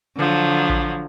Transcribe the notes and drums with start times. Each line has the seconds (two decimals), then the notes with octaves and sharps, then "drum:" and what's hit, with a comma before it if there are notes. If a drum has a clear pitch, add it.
0.16 D3 F3 F#3
0.69 drum: kick A1